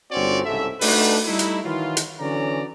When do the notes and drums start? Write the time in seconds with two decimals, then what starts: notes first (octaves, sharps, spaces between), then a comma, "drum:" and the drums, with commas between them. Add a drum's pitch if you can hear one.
0.12 G1 C4 C#4 F#4 C#5 D5
0.45 C2 G#2 C#3 A4 E5
0.81 A3 D4 D#4 F#4 G4 B4, drum: open hi-hat
1.26 G3 A3 D#4 E4
1.39 drum: hi-hat
1.64 D#3 E3 F#3 E4 F4
1.97 drum: hi-hat
2.20 D3 E3 F#3 C#4 D5 A#5